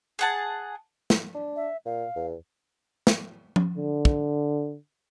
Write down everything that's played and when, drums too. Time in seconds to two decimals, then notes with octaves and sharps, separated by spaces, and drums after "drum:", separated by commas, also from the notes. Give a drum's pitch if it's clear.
0.19 G#4 F#5 A5
1.10 drum: snare
1.35 D4
1.56 E5
1.85 A#2 F5
2.16 E2
3.07 drum: snare
3.56 drum: tom F3
3.77 D3
4.05 drum: kick